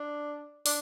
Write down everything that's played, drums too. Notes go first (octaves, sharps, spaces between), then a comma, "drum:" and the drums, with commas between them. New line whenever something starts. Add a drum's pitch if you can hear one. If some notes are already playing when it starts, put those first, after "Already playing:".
Already playing: D4
D4, drum: open hi-hat